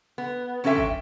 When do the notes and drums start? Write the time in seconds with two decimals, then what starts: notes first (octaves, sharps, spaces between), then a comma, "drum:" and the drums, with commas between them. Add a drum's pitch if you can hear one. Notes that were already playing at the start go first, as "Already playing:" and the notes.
0.18 B3
0.64 F2 C#4 D4 A4 E5 G5
0.77 drum: kick G1